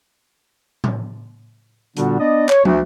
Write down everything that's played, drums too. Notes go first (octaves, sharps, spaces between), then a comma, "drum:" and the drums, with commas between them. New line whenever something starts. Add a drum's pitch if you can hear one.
drum: tom A2
A#2 D3 G3 B3 D4 F#4, drum: hi-hat
B3 D4 D5 D#5
C#5, drum: clap
D2 A3 D4, drum: tom